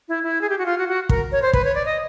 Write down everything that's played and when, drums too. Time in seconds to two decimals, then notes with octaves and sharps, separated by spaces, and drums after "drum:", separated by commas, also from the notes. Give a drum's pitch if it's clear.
0.09 E4
0.23 E4
0.41 G#4
0.49 G4
0.58 F#4
0.66 F4
0.78 F#4
0.88 F#4
1.09 A#4, drum: kick
1.32 C#5
1.42 C5
1.53 B4, drum: kick
1.65 C#5
1.75 D5
1.86 D#5